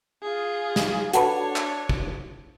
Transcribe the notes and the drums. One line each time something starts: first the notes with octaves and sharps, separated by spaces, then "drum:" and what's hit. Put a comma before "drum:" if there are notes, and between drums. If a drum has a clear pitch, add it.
F4 G#4
drum: snare
D4 F#4 A4 B4 C#5, drum: hi-hat
drum: clap
drum: kick